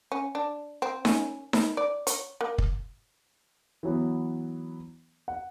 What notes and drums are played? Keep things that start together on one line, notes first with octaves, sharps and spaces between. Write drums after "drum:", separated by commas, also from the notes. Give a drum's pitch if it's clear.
C#4
D4
C4
C#4, drum: snare D#4
B4, drum: snare D#4
D5
C#5, drum: hi-hat
A#3
drum: kick
E3 F#3 B3
F#5